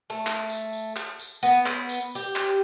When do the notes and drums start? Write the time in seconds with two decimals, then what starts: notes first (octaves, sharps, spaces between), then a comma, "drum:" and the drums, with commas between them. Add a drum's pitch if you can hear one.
0.10 A3
0.26 drum: clap
0.50 drum: tambourine
0.73 drum: tambourine
0.96 drum: clap
1.19 drum: tambourine
1.43 B3, drum: tambourine
1.66 drum: clap
1.89 drum: tambourine
2.15 G4, drum: tambourine
2.36 drum: clap